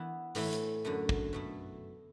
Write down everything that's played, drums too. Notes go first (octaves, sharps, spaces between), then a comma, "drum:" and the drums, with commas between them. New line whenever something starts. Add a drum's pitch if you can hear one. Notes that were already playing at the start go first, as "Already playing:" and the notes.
Already playing: E3 B3 E4
A2 E3 A3 E4, drum: open hi-hat
drum: hi-hat
F#2 D3 A3 E4
drum: kick
B2 A3 E4